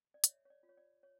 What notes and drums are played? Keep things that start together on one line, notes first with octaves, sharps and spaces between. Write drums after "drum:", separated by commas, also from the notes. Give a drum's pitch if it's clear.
D5
C#5 E5, drum: hi-hat
C#5
D5
F4
C#5
D5
C#5